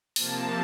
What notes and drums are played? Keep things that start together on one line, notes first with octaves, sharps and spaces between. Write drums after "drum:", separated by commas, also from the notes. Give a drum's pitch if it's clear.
C3 F3 A#3 A5, drum: open hi-hat